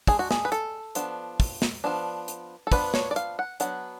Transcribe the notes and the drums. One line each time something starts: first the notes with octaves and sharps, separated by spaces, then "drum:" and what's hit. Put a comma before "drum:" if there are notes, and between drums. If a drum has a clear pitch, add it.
G#3 D4 G#4, drum: kick, open hi-hat
F#4
G#4, drum: snare
B4
A4, drum: hi-hat
F3 B3 D4, drum: hi-hat
drum: kick, open hi-hat
drum: snare
F3 B3 D4
drum: hi-hat
A4
F3 B3 D4 B4, drum: kick, open hi-hat
C#5, drum: snare
D5
F5, drum: hi-hat
F#5
F#3 B3 D4 F#5, drum: hi-hat